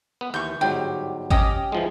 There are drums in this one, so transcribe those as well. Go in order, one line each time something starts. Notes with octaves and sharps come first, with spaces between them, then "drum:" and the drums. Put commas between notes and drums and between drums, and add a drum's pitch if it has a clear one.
B3 B4
D#2 E3 C#6 G6
G1 G#2 F#3 G4
C#4 G4 D#5, drum: kick G#1
E3 F3 G#3